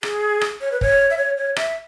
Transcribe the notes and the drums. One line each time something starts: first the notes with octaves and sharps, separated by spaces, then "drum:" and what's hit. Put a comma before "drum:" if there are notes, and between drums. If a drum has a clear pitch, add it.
G#4, drum: rim click
drum: rim click
C#5
B4
C#5, drum: kick
E5
C#5
C#5
E5, drum: rim click